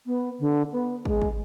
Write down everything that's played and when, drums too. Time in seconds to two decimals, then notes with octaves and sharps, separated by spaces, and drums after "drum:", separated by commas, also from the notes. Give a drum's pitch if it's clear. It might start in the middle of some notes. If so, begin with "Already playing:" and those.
0.06 B3
0.40 D3
0.72 B3
1.05 G#3, drum: kick
1.22 drum: kick